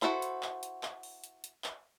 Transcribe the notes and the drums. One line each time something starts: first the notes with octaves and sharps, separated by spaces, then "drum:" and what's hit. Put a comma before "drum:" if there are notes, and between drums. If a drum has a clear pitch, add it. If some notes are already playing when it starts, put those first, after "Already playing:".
E4 F#4 A4 C5, drum: clap
drum: hi-hat
drum: clap
drum: hi-hat
drum: clap
drum: open hi-hat
drum: hi-hat
drum: hi-hat
drum: clap